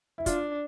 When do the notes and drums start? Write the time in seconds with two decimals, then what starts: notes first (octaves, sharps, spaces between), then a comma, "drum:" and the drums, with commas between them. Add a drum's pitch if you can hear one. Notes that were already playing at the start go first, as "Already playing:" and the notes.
0.18 E4
0.26 D4 F4, drum: kick, hi-hat